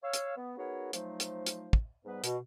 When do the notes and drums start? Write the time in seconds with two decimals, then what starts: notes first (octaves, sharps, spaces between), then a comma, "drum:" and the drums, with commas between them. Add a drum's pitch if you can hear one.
0.03 C#5 F5 E6
0.13 drum: hi-hat
0.37 B3
0.58 B3 D#4 F#4 G#4 A#4 C#5
0.93 F3 F#3 A3 D#4 C5, drum: hi-hat
1.20 drum: hi-hat
1.47 drum: hi-hat
1.73 drum: kick
2.05 G#2 G3 B3 B4
2.24 B2, drum: hi-hat